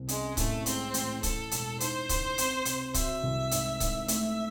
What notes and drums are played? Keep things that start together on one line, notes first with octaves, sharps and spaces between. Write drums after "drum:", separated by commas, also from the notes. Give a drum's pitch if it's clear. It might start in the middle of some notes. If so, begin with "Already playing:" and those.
Already playing: C2 C4
G#3 C#4, drum: hi-hat
A2 A3, drum: kick C#1, hi-hat
G#3 C4, drum: hi-hat
A1, drum: hi-hat
E3 A4, drum: kick C#1, hi-hat
E1, drum: hi-hat
D#4 C5, drum: hi-hat
C#2, drum: kick C#1, hi-hat
C4, drum: hi-hat
C3, drum: hi-hat
F#3 E5, drum: kick C#1, hi-hat
C2
G#2, drum: hi-hat
G#2, drum: kick C#1, hi-hat
A3 E5, drum: hi-hat